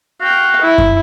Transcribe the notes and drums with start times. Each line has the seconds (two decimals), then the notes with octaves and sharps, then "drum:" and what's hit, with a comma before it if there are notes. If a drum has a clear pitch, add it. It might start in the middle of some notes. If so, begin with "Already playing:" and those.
0.21 F#4 F5 G5
0.61 E4
0.78 drum: kick F#2